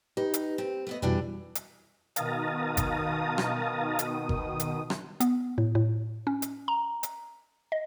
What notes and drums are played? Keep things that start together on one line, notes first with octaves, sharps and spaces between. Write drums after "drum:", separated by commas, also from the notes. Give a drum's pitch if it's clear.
D#4 G4 B4
drum: hi-hat
C4
A3 B3 D#5
F2 B2 E3 G3 D4 F#4
drum: hi-hat
B2 D#3 F5 A5 A#5 D#6, drum: hi-hat
drum: kick G1, hi-hat
drum: rim click
drum: hi-hat
drum: kick G1
drum: hi-hat
drum: rim click
B3, drum: hi-hat
A2
A2
C#4
drum: hi-hat
A#5
drum: hi-hat
D#5